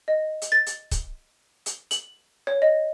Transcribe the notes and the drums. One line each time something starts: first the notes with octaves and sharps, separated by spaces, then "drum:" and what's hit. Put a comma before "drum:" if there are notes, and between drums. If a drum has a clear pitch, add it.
D#5
drum: hi-hat
A6
drum: hi-hat
drum: kick, hi-hat
drum: hi-hat
F#7, drum: hi-hat
C#5
D#5